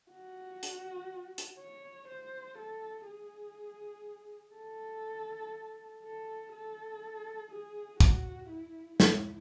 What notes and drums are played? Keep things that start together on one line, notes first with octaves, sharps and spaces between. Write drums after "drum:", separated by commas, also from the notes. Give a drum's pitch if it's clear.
F#4
drum: hi-hat
drum: hi-hat
C#5
C5
A4
G#4
A4
A4
A4
G#4
F#4, drum: kick
E4
E4, drum: snare